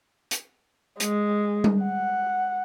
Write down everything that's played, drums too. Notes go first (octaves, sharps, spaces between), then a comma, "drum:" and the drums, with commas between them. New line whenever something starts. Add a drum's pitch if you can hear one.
drum: hi-hat
G#3, drum: hi-hat
drum: tom G3
F#5